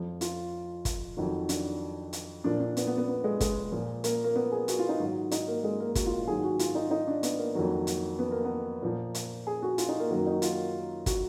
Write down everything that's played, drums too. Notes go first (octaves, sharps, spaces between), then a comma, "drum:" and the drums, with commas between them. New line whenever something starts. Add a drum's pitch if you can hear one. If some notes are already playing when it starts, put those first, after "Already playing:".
Already playing: F2 F3
F4, drum: hi-hat
drum: kick, hi-hat
F2 D#3 F#3
D4, drum: hi-hat
drum: hi-hat
A#2 F3 D4
D4
B3, drum: hi-hat
B3
B3
B3
G#3
G#3, drum: kick, hi-hat
A#2 F3
A#3, drum: hi-hat
A#3
B3
G#4
F#4, drum: hi-hat
F4
D#4
G#2 D#3 F#3
D#4, drum: hi-hat
A#3
G#3
A#3
F#4, drum: kick, hi-hat
F4
F4
G#2 D#3 F#3 G#4
F#4
F4, drum: hi-hat
D#4
D#4
D4
B3, drum: hi-hat
A#3
F2 D#3 F#3 A#3
drum: hi-hat
B3
A#3
B3
A#2 F3 A#3
drum: hi-hat
G#4
F#4
F4, drum: hi-hat
D#4
A#3
F#2 D#3 F#3 A#3
D#4
F4, drum: hi-hat
F#4, drum: kick, hi-hat